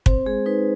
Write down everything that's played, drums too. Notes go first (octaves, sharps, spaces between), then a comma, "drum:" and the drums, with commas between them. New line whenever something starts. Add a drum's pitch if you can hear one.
C4 C5, drum: kick
G#3 G#4
D#4 B4